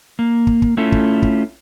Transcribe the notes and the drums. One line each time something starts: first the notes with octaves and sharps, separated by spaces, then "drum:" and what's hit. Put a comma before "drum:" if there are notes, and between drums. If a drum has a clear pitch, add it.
A#3
drum: kick
drum: kick
A3 C#4 E4 F4 A4
drum: kick
drum: kick